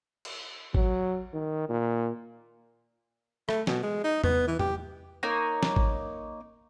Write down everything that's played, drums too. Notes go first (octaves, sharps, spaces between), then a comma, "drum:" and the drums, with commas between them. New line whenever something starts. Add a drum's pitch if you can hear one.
drum: cymbal
F#3, drum: kick G#1
D#3
A#2
A3, drum: rim click
B2, drum: snare
G#3
D#4
B3, drum: tom E2
E3
G4, drum: tom E2
A#3 D#4 C#5
drum: snare
drum: kick G#1